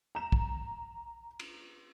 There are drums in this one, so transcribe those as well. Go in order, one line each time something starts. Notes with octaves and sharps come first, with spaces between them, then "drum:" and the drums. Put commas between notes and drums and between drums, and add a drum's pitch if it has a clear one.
A#5 E7
drum: kick
drum: cymbal